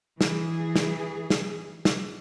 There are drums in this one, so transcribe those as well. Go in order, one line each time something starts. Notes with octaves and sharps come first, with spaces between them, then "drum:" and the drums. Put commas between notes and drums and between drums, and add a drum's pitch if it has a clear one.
E3 G#4, drum: snare
drum: snare
drum: snare
drum: snare